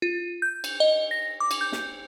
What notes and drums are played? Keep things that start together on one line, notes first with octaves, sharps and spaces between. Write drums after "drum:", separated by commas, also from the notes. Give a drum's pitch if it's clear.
F4
G6
drum: cymbal
D#5
A#6
D6
drum: cymbal
G6
drum: snare